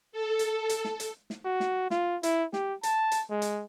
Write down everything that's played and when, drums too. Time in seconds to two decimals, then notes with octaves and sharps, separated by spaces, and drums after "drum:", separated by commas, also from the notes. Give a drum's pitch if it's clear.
0.12 A4
0.39 drum: hi-hat
0.69 drum: hi-hat
0.85 drum: snare
1.00 drum: hi-hat
1.30 drum: snare
1.45 F#4
1.60 drum: snare
1.90 F4, drum: snare
2.23 E4, drum: hi-hat
2.53 G4, drum: snare
2.83 A5, drum: hi-hat
3.11 drum: hi-hat
3.30 G#3
3.42 drum: hi-hat